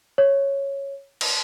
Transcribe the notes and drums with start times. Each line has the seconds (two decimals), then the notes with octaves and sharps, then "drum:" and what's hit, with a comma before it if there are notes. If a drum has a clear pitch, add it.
0.18 C#5
1.21 drum: cymbal